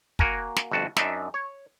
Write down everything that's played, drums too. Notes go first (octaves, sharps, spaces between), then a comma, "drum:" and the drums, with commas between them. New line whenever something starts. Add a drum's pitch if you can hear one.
A#3 F#4 A#4 G#5, drum: kick
drum: snare
G1 F2 F#4 A5
F#2 D4 D#4 E5, drum: snare
C#5